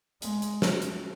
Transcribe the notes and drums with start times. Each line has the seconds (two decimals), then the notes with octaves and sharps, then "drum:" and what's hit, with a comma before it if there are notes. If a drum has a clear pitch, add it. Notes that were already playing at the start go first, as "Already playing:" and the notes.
0.22 G#3, drum: hi-hat
0.42 drum: hi-hat
0.62 drum: snare
0.82 drum: hi-hat